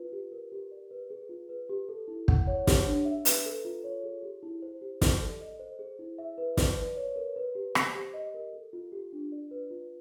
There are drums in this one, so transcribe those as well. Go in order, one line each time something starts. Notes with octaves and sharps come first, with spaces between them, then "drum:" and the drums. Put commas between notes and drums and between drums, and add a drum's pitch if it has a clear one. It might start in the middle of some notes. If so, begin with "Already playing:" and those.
Already playing: F4 B4
G4
A#4
G4
D5
B4
G#4
F4
B4
G4
A4
E4
F#5, drum: kick
C#5
G4, drum: snare
D4
E5
B4, drum: hi-hat
A4
F4
C#5
G#4
G4
E4
C5
G4
D5, drum: snare
A4
D#5
C5
G#4
E4
E5
B4
D5, drum: snare
B4
C#5
A#4
B4
G4
C5, drum: rim click
G4
D#5
A#4
A4
F4
G4
D4
D5
B4
F4